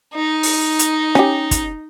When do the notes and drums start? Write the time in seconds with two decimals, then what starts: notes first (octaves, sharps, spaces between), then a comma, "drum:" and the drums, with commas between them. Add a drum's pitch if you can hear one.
0.14 D#4
0.43 drum: open hi-hat
0.79 drum: hi-hat
1.15 C#4 G4, drum: rim click
1.51 drum: kick, hi-hat